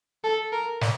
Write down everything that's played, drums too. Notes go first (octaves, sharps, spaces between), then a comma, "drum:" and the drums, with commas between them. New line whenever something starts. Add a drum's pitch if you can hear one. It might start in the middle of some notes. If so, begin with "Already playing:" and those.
A4
A#4
drum: snare